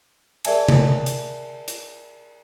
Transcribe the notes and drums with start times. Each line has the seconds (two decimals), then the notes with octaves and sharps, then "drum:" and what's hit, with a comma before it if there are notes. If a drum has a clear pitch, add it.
0.45 G#4 A#4 D5 E5 G#5 A5, drum: cymbal
0.68 drum: tom C3
1.06 drum: hi-hat
1.68 drum: hi-hat